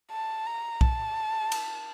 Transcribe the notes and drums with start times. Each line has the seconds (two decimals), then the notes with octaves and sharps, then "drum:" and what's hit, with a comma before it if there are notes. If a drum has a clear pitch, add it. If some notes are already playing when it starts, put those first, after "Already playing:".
0.11 A5
0.47 A#5
0.81 A5, drum: kick B1
1.52 drum: cymbal